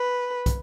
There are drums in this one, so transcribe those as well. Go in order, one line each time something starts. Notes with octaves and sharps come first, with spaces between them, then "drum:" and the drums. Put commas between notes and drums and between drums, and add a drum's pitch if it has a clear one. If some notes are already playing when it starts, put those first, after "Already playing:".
Already playing: B4
drum: kick, hi-hat